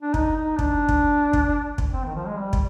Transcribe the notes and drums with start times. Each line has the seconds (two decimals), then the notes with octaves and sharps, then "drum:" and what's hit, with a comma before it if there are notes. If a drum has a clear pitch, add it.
0.02 D4
0.14 D#4, drum: kick
0.36 D#4
0.59 D4, drum: kick
0.89 drum: kick
1.33 drum: kick
1.78 drum: kick
1.93 C4
2.05 D#3
2.15 F3
2.27 G#3
2.38 G3
2.53 drum: kick